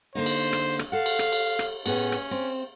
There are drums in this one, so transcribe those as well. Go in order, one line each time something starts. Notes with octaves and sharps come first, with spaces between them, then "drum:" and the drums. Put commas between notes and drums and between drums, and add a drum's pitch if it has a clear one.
D3 A#3 D#4 C5
drum: cymbal
drum: rim click
drum: rim click
A4 F5 F#5
drum: cymbal
drum: rim click
drum: cymbal
drum: rim click
A2 B3 C#4 G#4, drum: cymbal
drum: rim click
C4